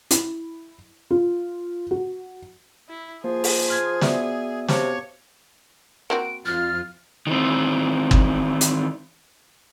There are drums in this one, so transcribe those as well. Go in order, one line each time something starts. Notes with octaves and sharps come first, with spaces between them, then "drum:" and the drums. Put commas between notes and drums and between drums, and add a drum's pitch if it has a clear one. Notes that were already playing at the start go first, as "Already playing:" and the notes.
E4, drum: hi-hat
F4
F#4
E4
F3 A#3 G#4
drum: open hi-hat
C6 F6 G#6
B3 F#4 B4 D5 E5, drum: snare
C3 C#5 F5 A5 D6, drum: snare
A#3 C4 F#4 D7
F2 F4 F6 A6
D#3 E3 C4
drum: kick G1
drum: hi-hat